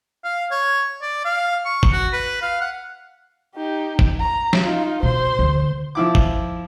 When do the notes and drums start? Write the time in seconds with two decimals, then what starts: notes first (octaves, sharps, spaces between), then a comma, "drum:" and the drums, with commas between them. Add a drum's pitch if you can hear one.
0.24 F5
0.51 C#5
1.02 D5
1.25 F5
1.65 C#6
1.83 drum: kick G#1
1.92 F#4
2.13 B4
2.42 F5
2.61 F#5
3.56 D#4 G4
3.99 drum: kick G#1
4.20 A#5
4.53 drum: snare
4.63 D#4 F4
5.03 B2 C4 C5 C6
5.39 D2
5.95 F3 E4 D6
6.15 drum: kick G#1